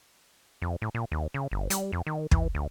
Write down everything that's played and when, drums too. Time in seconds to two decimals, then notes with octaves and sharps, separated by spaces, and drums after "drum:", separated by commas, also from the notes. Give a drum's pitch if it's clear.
0.62 F2
0.82 A2
0.95 A#2
1.12 D#2
1.34 C#3
1.52 G1
1.70 G3, drum: hi-hat
1.93 F2
2.07 D#3
2.31 E3, drum: kick
2.55 D2